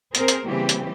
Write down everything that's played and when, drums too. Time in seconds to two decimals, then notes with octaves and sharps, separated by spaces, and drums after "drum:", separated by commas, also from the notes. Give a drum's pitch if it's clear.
0.15 C4 G#4 A#4 C5, drum: hi-hat
0.28 drum: hi-hat
0.47 C#3 E3 G3 A#3 C4 G4
0.69 drum: hi-hat